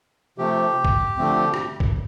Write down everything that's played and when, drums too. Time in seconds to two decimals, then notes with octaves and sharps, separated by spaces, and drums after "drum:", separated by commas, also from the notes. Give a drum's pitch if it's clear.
0.38 C3 F3 A3 G4
0.85 drum: kick A#1
1.17 D3 F3 A3 C4
1.54 drum: rim click
1.80 drum: kick A#1